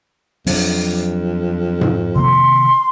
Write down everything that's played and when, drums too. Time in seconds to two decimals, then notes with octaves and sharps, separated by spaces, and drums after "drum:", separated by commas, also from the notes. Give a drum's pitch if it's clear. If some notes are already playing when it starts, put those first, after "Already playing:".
0.47 F2 F#3 D4, drum: open hi-hat
1.81 drum: tom G#2
2.16 C3 D#3 A#3 C6